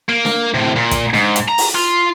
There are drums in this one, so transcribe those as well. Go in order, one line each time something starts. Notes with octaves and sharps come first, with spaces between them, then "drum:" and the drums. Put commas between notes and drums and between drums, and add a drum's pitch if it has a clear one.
A#3
drum: snare D4
A2 C3
A#2
drum: kick, hi-hat
G#2, drum: snare D4
drum: hi-hat
A#5
drum: open hi-hat
F4